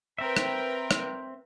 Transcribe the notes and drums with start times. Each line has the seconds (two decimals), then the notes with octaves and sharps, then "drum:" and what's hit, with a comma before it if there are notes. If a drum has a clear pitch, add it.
0.18 C4 A#4 B4 E5 G5
0.37 drum: rim click
0.91 drum: rim click